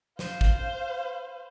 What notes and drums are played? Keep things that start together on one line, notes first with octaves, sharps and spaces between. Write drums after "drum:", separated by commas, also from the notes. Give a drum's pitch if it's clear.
C5 F5, drum: snare
drum: kick